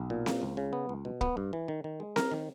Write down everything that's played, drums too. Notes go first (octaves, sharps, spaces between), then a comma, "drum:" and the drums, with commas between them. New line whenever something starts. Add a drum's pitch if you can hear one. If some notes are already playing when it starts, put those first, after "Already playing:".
Already playing: B1
A#2
A#3, drum: snare C4
C#2
C#3
B3
C#2
B2
B3, drum: kick
G2
E3
D#3
D#3
G#3
A#4, drum: snare C4
D#3